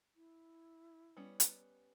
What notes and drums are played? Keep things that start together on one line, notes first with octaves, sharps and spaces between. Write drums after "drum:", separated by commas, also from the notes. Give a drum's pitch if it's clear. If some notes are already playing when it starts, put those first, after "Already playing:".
E4
G3 B3 C#4
drum: hi-hat